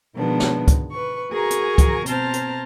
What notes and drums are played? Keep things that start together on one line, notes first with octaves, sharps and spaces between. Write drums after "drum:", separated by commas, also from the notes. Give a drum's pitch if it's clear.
B2 D#3 F3 G#3 B3 D4
drum: snare
drum: kick, hi-hat
B4 C#6
F#4 G#4 A#4 G#5 A#5 C#6
drum: hi-hat
drum: kick, hi-hat
B2 C4 C5 A5 A#5 F6, drum: hi-hat
drum: hi-hat